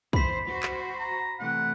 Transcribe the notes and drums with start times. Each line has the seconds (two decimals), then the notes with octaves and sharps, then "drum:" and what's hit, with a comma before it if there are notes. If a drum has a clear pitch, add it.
0.13 E3 C5 B5 B6, drum: kick
0.47 F#4 C5
0.63 drum: clap
1.00 A#5
1.40 C3 E3 A3 F#5